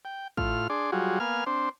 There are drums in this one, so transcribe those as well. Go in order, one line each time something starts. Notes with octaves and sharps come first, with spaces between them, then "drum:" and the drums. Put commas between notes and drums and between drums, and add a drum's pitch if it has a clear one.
G5
A2 F4 F6, drum: kick
D4 G#4 D5 C6
F#3 G3 F4 F#4 G#4
A#3 B3 F5 G#5 F6
C4 D4 C5